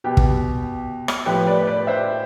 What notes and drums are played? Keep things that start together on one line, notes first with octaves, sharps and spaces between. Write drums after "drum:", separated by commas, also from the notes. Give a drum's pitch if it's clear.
B2 G4 B4
drum: kick
drum: rim click
A2 F3 G4 B4
B4 D5
B4 D5
C5 E5